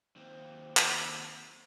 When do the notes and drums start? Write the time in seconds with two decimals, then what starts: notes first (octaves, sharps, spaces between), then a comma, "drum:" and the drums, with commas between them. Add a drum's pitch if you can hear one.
0.16 D#2 C4
0.77 drum: clap